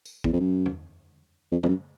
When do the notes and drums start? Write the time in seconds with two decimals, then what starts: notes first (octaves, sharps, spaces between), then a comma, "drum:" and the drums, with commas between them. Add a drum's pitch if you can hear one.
0.05 drum: tambourine
0.24 E2, drum: kick
0.33 F2
0.40 F#2
0.66 drum: tom E2
1.52 F2
1.63 F2, drum: tom
1.68 F#2